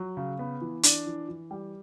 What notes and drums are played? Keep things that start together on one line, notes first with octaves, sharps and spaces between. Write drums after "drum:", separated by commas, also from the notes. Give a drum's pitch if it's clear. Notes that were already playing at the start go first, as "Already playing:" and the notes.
Already playing: F#3
C#3
B3
E3
D4, drum: hi-hat
E3
E3
G3